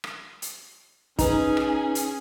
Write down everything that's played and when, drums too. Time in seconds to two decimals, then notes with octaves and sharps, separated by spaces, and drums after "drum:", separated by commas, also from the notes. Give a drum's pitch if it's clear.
0.04 drum: rim click
0.42 drum: hi-hat
1.19 C#4 D#4 G#4 B4 A#5, drum: kick, hi-hat
1.57 drum: rim click
1.95 drum: hi-hat